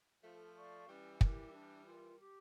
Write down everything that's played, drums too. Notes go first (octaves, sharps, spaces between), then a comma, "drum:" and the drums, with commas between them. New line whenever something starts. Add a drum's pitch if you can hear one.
F3 A3 A4
D5 F5 C#6
E3 G3 C#4
E4 G4 A#4, drum: kick
D4
F4 A#4
G4